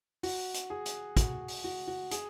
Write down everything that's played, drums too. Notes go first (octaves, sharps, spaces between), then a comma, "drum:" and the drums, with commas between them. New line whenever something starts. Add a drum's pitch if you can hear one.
F#4, drum: open hi-hat
drum: hi-hat
G#4
drum: hi-hat
F#4, drum: kick, hi-hat
drum: open hi-hat
F#4
F#4
G#4, drum: hi-hat